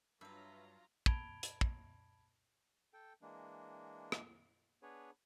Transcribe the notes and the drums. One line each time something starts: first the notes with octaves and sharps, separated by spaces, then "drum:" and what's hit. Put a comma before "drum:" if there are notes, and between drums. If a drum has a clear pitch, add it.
G2 F#3 F4 B4 E5 A#5
A5 B5 G#6 D7 F7 G7, drum: kick
drum: hi-hat
drum: kick
A4 G5
E3 G#3 A#3 D4
drum: rim click
B3 D4 G#4 B4 C#5